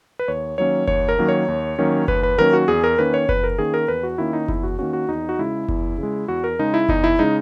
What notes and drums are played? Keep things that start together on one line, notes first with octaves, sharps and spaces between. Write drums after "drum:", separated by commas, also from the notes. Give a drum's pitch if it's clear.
B4
D#2 C#5
D#3 F#3 A#3 C#4 C#5
D#2 C#5, drum: kick F#1
A#4
D#3 F#3 A#3 C#4
C#5
D#2
D#3 F#3 A#3 C#4
D#2 B4, drum: kick F#1
B4
D#3 F#3 A#3 C#4 A#4
F#4
E2 G#4
A#4
D#3 A#3 C#4 B4
C#5
E2 B4, drum: kick F#1
A#4
D#3 A#3 C#4 G#4
A#4
E2 B4
F#4
D#3 A#3 C#4 E4
D#4
E2 E4, drum: kick F#1
F#4
D#3 A#3 C#4 F#4
F#4
E2 D#4
F#4
C#3 G#3 E4
E2, drum: kick F#1
C#3 G#3
E2 F#4
A#4
C#3 G#3 D#4
E4
E2 D#4, drum: kick F#1
E4
C#3 G#3 D#4